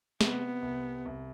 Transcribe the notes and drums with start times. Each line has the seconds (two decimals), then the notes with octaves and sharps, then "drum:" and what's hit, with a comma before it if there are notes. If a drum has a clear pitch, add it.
0.21 C3 B3, drum: snare
0.62 C2
1.06 C2